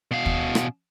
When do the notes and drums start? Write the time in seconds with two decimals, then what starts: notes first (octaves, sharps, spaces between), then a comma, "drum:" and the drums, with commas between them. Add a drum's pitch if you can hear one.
0.11 B2 F5
0.26 drum: kick
0.55 drum: rim click